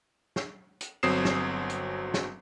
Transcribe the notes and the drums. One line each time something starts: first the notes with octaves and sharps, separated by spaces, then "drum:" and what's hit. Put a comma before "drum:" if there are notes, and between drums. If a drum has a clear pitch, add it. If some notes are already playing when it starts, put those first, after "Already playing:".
drum: snare
drum: hi-hat
G1 F#3 C4 D#6 C7 E7
drum: snare
drum: hi-hat
drum: snare